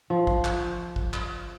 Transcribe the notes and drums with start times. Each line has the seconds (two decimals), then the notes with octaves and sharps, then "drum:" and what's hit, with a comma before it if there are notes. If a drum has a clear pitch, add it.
0.10 F3
0.27 drum: kick A1
0.44 drum: clap
0.96 drum: kick A1
1.13 drum: clap